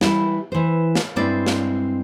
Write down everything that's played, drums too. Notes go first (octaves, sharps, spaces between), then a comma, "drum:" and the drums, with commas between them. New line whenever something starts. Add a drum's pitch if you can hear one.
E3 G3 E4, drum: snare
E3 C5
drum: snare
G2 G#3 C4 E4 D5
drum: snare